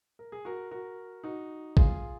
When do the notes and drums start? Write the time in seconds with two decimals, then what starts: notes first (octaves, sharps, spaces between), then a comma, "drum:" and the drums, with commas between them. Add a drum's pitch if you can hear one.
0.19 A#4
0.32 G#4
0.45 F#4 A#4
0.71 F#4 A#4
1.24 D#4 F#4
1.77 F4 G#4, drum: kick G#1